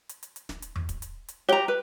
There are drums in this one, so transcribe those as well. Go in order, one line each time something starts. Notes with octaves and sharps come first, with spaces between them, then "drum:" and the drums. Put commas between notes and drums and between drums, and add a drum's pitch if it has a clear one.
drum: hi-hat
drum: hi-hat
drum: hi-hat
drum: snare
drum: hi-hat
drum: tom E2
drum: kick, hi-hat
drum: hi-hat
drum: hi-hat
G4 C#5 A#5 G7
B4